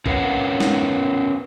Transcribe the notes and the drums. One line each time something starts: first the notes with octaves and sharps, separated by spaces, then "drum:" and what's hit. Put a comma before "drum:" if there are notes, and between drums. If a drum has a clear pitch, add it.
C#4 A#4 B4 C#5 F5 F#5, drum: kick
drum: snare